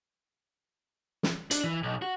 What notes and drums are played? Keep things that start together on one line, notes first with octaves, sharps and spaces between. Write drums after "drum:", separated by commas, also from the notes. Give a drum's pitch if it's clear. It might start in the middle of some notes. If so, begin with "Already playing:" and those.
drum: snare
D4, drum: hi-hat
E3
B1
F#4